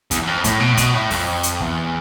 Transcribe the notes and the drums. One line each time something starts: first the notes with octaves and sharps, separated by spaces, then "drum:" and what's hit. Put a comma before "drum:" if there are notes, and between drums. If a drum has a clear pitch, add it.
E2, drum: kick, hi-hat
E2
F2
A2, drum: kick, hi-hat
B2
A2
B2, drum: kick, hi-hat
A2
F2, drum: kick, open hi-hat
drum: hi-hat
E2, drum: kick